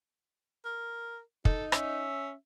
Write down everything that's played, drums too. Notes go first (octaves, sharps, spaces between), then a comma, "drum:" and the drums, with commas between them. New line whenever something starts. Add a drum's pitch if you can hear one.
A#4
D#4 A4, drum: kick
C#4 E5, drum: rim click